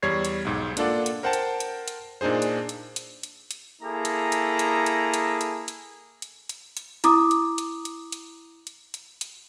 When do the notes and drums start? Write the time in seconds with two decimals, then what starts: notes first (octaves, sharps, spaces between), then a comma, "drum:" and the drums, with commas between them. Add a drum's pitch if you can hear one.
0.02 E2 G3 C#5 G#6 C7
0.25 drum: hi-hat
0.45 B1 G#2
0.77 A#3 D4 F4 A4 D5 F#5, drum: hi-hat
1.06 drum: hi-hat
1.23 A#4 C5 F#5 G5 A5
1.33 drum: hi-hat
1.60 drum: hi-hat
1.88 drum: hi-hat
2.21 A#2 D4 D#4 G#4 C5
2.42 drum: hi-hat
2.69 drum: hi-hat
2.96 drum: hi-hat
3.23 drum: hi-hat
3.51 drum: hi-hat
3.82 A#3 E4 G#4 A4 A#5
4.05 drum: hi-hat
4.32 drum: hi-hat
4.59 drum: hi-hat
4.86 drum: hi-hat
5.14 drum: hi-hat
5.41 drum: hi-hat
5.68 drum: hi-hat
6.22 drum: hi-hat
6.49 drum: hi-hat
6.77 drum: hi-hat
7.04 E4 A#5 D6 D#6, drum: hi-hat
7.31 drum: hi-hat
7.58 drum: hi-hat
7.85 drum: hi-hat
8.12 drum: hi-hat
8.67 drum: hi-hat
8.94 drum: hi-hat
9.21 drum: hi-hat